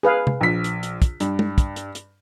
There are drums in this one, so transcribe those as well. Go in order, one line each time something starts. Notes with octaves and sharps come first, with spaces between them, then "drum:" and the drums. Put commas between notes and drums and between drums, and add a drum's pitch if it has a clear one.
G#4 B4 F5
drum: tom C3
A#1 B6
drum: hi-hat
drum: hi-hat
drum: kick, hi-hat
G2, drum: hi-hat
drum: tom
drum: kick, hi-hat
drum: hi-hat
drum: hi-hat